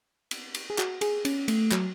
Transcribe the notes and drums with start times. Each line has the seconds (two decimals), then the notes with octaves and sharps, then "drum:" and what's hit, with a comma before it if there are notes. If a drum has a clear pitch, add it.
0.31 drum: cymbal
0.54 drum: cymbal
0.70 G#4
0.78 F#4, drum: clap
1.01 G#4, drum: cymbal
1.25 C#4, drum: cymbal
1.48 A3, drum: cymbal
1.72 F#3, drum: clap